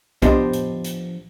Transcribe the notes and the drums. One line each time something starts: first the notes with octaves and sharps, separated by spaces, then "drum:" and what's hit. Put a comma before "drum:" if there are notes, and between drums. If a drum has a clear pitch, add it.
F3 B3 D4 G4 C5 D#5, drum: kick B1, hi-hat
drum: hi-hat
drum: hi-hat